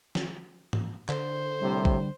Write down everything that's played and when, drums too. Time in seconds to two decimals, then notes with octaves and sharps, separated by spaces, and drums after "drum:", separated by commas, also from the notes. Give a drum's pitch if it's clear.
0.15 drum: snare
0.73 drum: tom G#2
1.09 D3 C5, drum: clap
1.60 C2 A2 C3 G3
1.85 drum: kick A#1